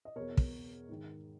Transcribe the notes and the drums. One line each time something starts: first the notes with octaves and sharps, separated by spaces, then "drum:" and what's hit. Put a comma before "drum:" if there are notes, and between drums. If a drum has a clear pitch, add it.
D#5
E2 B2 A#4 C#5
drum: kick
G#2 D#3